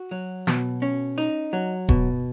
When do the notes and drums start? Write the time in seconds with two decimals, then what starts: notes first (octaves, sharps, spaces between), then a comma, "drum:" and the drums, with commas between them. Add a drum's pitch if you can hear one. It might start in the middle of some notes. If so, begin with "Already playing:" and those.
Already playing: F#4
0.11 F#3
0.47 B2, drum: snare
0.82 C#4
1.18 D#4
1.53 F#3
1.89 B2, drum: kick D#1